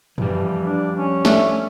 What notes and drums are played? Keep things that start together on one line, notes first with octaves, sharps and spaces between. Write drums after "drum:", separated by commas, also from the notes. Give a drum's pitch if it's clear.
F2 E3 G3, drum: tom F#2
D4
C#4
A3 D4, drum: snare